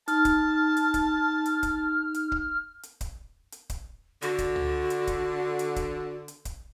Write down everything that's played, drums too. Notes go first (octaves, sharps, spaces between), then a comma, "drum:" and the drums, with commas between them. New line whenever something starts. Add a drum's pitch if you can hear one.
D#4 A5 F6, drum: hi-hat
drum: kick C#1, hi-hat
drum: hi-hat
drum: kick C#1, hi-hat
drum: hi-hat
drum: kick C#1, hi-hat
drum: hi-hat
drum: kick C#1
drum: hi-hat
drum: kick C#1, hi-hat
drum: hi-hat
drum: kick C#1, hi-hat
D3 F#4, drum: hi-hat
drum: kick C#1, hi-hat
drum: tom C#2
drum: hi-hat
drum: kick C#1, hi-hat
drum: hi-hat
drum: kick C#1, hi-hat
drum: hi-hat
drum: kick C#1, hi-hat